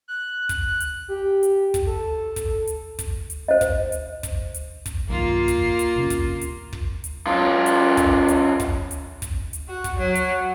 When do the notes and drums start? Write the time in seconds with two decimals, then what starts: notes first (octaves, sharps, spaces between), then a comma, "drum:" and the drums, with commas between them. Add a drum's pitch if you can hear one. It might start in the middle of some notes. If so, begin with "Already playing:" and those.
0.08 F#6
0.49 drum: kick, hi-hat
0.80 drum: hi-hat
1.08 G4
1.43 drum: hi-hat
1.74 drum: kick, hi-hat
1.86 A4
2.36 drum: kick, hi-hat
2.67 drum: hi-hat
2.99 drum: kick, hi-hat
3.30 drum: hi-hat
3.48 C5 D#5
3.61 drum: kick, hi-hat
3.92 drum: hi-hat
4.23 drum: kick, hi-hat
4.54 drum: hi-hat
4.86 drum: kick, hi-hat
5.09 B1 G2 D#3 A#3 F4
5.48 drum: kick, hi-hat
5.79 drum: hi-hat
5.96 F#2 C3 C#4
6.10 drum: kick, hi-hat
6.41 drum: hi-hat
6.73 drum: kick
7.04 drum: hi-hat
7.26 F#2 F4
7.66 drum: hi-hat
7.97 drum: kick, hi-hat
8.28 drum: hi-hat
8.60 drum: kick, hi-hat
8.91 drum: hi-hat
9.22 drum: kick, hi-hat
9.53 drum: hi-hat
9.69 F#4
9.84 drum: kick, hi-hat
9.97 F#3
10.15 drum: hi-hat